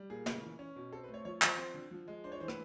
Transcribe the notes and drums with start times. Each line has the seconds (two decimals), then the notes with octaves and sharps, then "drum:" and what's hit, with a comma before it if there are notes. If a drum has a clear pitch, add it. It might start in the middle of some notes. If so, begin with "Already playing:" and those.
Already playing: G3
0.10 A#2 G#4
0.26 C#3, drum: snare
0.43 E3
0.59 C#4
0.76 B2
0.92 C4 A4
1.04 B4
1.08 A3
1.14 C#5
1.25 F3 C#5
1.42 F3 C5, drum: clap
1.58 C4
1.74 D3
1.91 F3
2.08 G#3
2.24 D4 C5
2.32 C#5
2.40 E3 C5
2.48 B4, drum: rim click